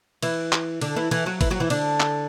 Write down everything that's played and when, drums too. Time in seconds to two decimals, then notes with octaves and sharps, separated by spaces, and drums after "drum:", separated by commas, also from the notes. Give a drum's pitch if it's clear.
0.23 E3 E4, drum: cymbal
0.52 drum: clap
0.81 D3 D4, drum: cymbal
0.96 E3 E4
1.11 E3 E4, drum: cymbal
1.26 F#3 F#4
1.41 E3 E4, drum: kick, cymbal
1.51 F#3 F#4
1.60 E3 E4
1.70 D3 D4, drum: cymbal
2.00 drum: clap